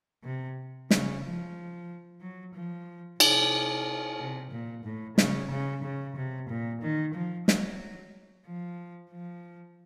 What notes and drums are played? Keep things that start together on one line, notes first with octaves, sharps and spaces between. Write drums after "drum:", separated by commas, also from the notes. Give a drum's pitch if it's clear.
C3
C#3, drum: snare
F3
F#3
F3
C3, drum: cymbal
C3
A#2
A2
C#3, drum: snare
C#3
C#3
C3
A#2
D#3
F3
F#3, drum: snare
F3
F3